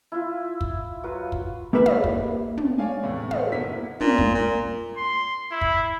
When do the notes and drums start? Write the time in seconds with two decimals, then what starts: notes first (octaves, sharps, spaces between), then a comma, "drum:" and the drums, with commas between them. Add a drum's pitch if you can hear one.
0.12 E4 F4
0.61 drum: kick
1.03 F#3 F4 B4
1.32 drum: kick
1.73 A#3 G4 A#4 B4 E5 B5
1.86 drum: tom
2.04 drum: kick
2.57 drum: tom
2.78 C#5 D5 F5 G#5
3.02 E2 A2 C3
3.31 A3 C5 F#5, drum: tom
3.52 F#1 A#3 B3 E4 B6
4.00 A#2, drum: tom
4.18 drum: kick
4.34 A#2
4.97 C6
5.51 E4
5.61 drum: kick